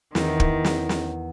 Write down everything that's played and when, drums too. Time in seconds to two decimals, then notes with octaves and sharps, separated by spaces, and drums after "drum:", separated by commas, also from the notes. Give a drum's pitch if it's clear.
0.15 E2 D#3, drum: snare
0.40 drum: kick
0.65 drum: snare
0.89 drum: snare